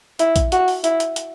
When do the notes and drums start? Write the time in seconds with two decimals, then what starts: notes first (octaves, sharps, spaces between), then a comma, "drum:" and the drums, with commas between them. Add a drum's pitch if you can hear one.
0.19 E4, drum: hi-hat
0.36 drum: kick A#1, hi-hat
0.52 F#4, drum: hi-hat
0.68 drum: open hi-hat
0.84 E4, drum: hi-hat
1.00 drum: hi-hat
1.16 drum: hi-hat